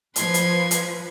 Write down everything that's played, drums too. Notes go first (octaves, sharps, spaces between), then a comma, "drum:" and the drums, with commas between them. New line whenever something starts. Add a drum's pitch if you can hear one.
F3 B4 C6 G#6, drum: hi-hat
drum: hi-hat
drum: hi-hat